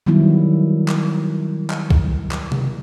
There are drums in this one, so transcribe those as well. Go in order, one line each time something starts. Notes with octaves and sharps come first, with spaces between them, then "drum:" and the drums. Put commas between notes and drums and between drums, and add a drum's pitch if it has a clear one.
D#3 F#3 G3 B3 E4
drum: clap
drum: clap
drum: kick B1
drum: clap
drum: tom C3